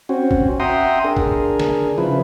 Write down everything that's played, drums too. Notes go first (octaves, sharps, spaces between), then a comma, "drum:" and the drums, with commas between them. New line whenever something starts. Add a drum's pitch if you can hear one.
C4 C#4 F#4
drum: kick G1
E5 F#5 G5 A#5 C6 D#6
D4 G#4 A#4
drum: kick G1
drum: snare
C#3 F3 E4 B4